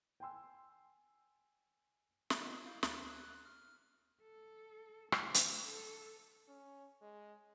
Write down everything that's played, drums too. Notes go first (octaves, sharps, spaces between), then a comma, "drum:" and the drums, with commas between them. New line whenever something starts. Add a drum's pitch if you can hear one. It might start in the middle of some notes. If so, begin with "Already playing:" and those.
G5 G#5 C6 E6
drum: snare
B3 F4 D#5
E4 F5 G6
D2 D6, drum: snare
F#6
F6
A4
A3, drum: rim click
drum: hi-hat
A4
C#4
G#3